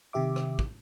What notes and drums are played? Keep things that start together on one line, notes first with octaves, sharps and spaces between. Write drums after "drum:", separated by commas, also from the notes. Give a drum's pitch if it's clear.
C3 D#3 G4 E5 D6
drum: rim click
drum: kick